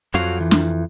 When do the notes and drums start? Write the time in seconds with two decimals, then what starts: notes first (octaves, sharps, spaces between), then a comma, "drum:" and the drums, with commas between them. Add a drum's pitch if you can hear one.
0.14 F2 F#3 F#4 F5
0.40 E3
0.51 drum: snare